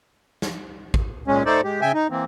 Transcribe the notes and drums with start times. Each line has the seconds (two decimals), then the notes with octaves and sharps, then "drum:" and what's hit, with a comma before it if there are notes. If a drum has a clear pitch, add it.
0.42 drum: snare
0.94 drum: kick
1.28 A#2 G#3 C#4
1.46 A3 D#4 A4 C5 D5
1.64 G#3 G4
1.81 C#3 E5 G5 G#5
1.94 D#4
2.10 E3 A#3 C4